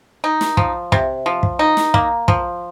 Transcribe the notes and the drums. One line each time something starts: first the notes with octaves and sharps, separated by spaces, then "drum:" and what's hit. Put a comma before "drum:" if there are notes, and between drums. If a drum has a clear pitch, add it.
D#4
drum: snare
F3, drum: kick
C3, drum: kick
F3
drum: kick
D#4
drum: snare
A#3, drum: kick
F3, drum: kick